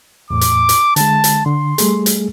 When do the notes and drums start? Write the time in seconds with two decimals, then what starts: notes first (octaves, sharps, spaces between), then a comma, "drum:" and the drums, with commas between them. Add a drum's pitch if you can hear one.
0.30 E2 A2 D6
0.41 drum: hi-hat
0.69 drum: hi-hat
0.96 D3 G#3 A5, drum: hi-hat
1.24 drum: hi-hat
1.46 D3 C6
1.78 G3 A3 G#4, drum: hi-hat
2.06 drum: hi-hat